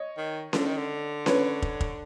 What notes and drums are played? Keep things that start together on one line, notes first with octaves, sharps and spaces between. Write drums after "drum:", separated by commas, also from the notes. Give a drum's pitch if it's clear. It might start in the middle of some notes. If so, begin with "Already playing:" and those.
Already playing: C#5 D#5
D#3
D3, drum: snare C#4
D#3
D3
B4 C#5, drum: snare C#4
drum: kick
drum: kick